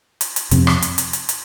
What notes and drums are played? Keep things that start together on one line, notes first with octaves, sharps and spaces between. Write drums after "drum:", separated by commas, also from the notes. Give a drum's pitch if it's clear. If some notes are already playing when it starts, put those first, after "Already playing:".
drum: hi-hat
drum: hi-hat
F2 C3 F3 C4, drum: hi-hat
drum: rim click
drum: hi-hat
drum: hi-hat
drum: hi-hat
drum: hi-hat